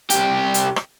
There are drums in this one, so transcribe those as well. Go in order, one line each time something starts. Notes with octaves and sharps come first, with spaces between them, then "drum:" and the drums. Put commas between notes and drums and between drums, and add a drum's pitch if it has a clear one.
C2 G4, drum: hi-hat
drum: hi-hat
drum: rim click